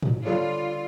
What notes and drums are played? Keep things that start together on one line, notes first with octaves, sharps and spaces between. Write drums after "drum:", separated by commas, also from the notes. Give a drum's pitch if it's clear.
drum: tom
D3 G3 D4 F4 A4 C#5